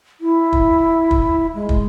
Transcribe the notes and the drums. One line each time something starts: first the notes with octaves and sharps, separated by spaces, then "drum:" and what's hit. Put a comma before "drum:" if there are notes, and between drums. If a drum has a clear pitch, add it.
E4
drum: kick
drum: kick
G#3
drum: kick